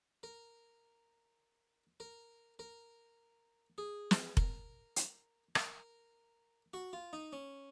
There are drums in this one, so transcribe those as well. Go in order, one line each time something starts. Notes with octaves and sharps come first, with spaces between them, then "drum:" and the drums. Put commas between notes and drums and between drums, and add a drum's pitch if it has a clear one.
A#4
A#4
A#4
G#4
drum: snare
A#4, drum: kick F1
drum: hi-hat
A#4, drum: rim click
F#4
F4
D#4
C#4